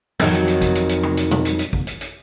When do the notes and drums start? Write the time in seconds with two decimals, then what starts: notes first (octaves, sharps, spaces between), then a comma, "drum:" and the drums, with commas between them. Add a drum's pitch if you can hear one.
0.20 F2 D#3 F#3, drum: tom E3
0.34 drum: hi-hat
0.47 drum: hi-hat
0.61 drum: kick G#1, hi-hat
0.75 drum: hi-hat
0.89 drum: hi-hat
1.03 drum: tom
1.17 drum: hi-hat
1.31 drum: tom B2
1.45 drum: hi-hat
1.59 drum: hi-hat
1.73 drum: kick G#1
1.87 drum: hi-hat
2.01 drum: hi-hat